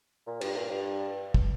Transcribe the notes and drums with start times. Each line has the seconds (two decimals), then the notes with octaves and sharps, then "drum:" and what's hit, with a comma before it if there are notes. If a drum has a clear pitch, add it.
0.27 A#2
0.41 G2, drum: cymbal
0.56 A#2
0.70 G2
1.34 drum: kick